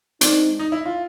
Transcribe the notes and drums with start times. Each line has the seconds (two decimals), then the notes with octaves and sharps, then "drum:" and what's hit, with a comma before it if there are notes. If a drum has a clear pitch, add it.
0.21 G#3 C4 D4 D#4, drum: hi-hat
0.59 D#4
0.72 E4
0.86 F4